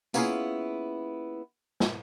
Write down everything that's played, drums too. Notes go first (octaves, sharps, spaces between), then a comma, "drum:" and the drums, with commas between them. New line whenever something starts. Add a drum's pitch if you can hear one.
A#3 B3 C#4 E4 F4 G#4, drum: tambourine
drum: snare